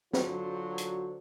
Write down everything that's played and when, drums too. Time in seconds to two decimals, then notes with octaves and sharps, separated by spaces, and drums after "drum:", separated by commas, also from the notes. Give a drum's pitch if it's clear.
0.13 D3 F#3 F4 F#4 C5, drum: snare
0.78 drum: hi-hat